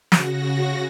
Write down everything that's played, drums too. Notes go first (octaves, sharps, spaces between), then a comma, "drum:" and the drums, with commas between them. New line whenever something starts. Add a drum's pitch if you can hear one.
C#3 F#4 A#6, drum: snare